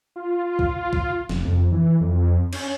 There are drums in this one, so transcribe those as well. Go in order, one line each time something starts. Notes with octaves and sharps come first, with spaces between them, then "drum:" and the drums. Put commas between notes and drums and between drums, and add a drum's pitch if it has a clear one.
F4
drum: kick
drum: kick
F1, drum: snare
F2
E3
F2
C#4, drum: cymbal